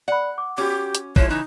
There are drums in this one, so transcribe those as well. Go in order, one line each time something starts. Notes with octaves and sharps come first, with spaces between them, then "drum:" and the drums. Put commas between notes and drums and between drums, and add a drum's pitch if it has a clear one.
D5 F#5 B5
D6
C#4 F#4 G4 D6
drum: hi-hat
F3 G#3 E4 C#5 F#6, drum: kick A#1
C#3 E3 D#4